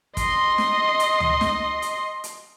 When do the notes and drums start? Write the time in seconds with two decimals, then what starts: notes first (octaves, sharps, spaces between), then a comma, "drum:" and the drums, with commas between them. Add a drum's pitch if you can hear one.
0.17 D#5 C6, drum: kick, hi-hat
0.58 drum: snare
1.00 drum: hi-hat
1.20 drum: tom
1.41 drum: snare
1.82 drum: hi-hat
2.24 drum: hi-hat